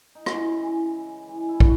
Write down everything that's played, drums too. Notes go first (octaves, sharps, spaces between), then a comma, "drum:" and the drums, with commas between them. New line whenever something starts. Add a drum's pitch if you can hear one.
D#4
C#3 E4, drum: rim click
E3 G#3
C#3
E3 G#3
E4
A2 F#4, drum: kick